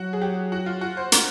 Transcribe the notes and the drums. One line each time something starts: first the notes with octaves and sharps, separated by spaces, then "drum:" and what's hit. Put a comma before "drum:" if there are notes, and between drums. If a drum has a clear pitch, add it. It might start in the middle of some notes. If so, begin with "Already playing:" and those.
Already playing: F#3 F#4
G#4
G4
F#4
F4
F#4
C5
A#4, drum: hi-hat